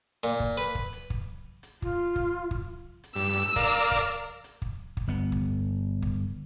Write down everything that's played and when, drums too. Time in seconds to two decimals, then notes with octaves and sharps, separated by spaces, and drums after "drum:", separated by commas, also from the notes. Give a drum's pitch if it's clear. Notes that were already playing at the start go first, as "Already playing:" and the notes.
0.23 A#2, drum: hi-hat
0.40 drum: kick
0.57 B4
0.75 drum: kick
0.93 drum: hi-hat
1.10 drum: kick
1.63 drum: hi-hat
1.82 F4, drum: kick
2.16 drum: kick
2.51 drum: kick
3.04 drum: hi-hat
3.15 G2 E6
3.56 A#4 D5 F5, drum: kick
3.74 drum: hi-hat
3.91 drum: kick
4.44 drum: hi-hat
4.62 drum: kick
4.97 drum: kick
5.07 G1 B3
5.32 drum: kick
6.02 drum: kick